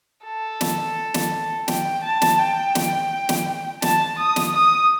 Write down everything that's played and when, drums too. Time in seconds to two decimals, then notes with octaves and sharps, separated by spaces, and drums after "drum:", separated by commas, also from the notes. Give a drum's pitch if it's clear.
0.25 A4
0.61 drum: snare
1.14 drum: snare
1.68 G5, drum: snare
2.04 A5
2.22 drum: snare
2.39 G5
2.75 drum: snare
3.29 drum: snare
3.82 A5, drum: snare
4.18 D#6
4.36 drum: snare
4.54 D#6